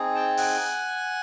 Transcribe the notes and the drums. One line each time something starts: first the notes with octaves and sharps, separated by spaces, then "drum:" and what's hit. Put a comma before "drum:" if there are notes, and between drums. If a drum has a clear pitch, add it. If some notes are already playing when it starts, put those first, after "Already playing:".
Already playing: C4 D#4 G#4
G5 A5
F#5 G#5, drum: open hi-hat